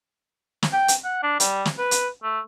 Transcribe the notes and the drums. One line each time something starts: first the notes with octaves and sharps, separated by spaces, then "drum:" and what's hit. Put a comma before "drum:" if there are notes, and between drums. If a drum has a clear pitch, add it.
drum: snare
G5
drum: hi-hat
F#5
D4
G3, drum: hi-hat
drum: snare
B4
drum: hi-hat
A3